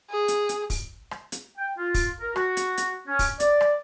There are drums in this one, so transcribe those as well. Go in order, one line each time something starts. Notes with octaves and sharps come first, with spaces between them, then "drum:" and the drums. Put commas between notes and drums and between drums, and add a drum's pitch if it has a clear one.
G#4
drum: hi-hat
drum: hi-hat
drum: kick, open hi-hat
drum: rim click
drum: hi-hat
G5
F4
drum: kick, open hi-hat
A#4
F#4, drum: rim click
drum: hi-hat
drum: hi-hat
C#4
drum: kick, open hi-hat
D5, drum: hi-hat
drum: rim click